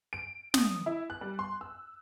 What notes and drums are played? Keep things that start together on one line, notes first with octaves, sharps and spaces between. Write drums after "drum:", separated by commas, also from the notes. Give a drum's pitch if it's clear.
D7
D#6, drum: snare
E4
F#6
G3
C6
E6